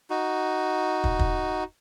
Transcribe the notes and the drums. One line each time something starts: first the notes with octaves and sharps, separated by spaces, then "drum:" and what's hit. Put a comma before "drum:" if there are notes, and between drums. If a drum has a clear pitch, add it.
D#4 F#4
drum: kick
drum: kick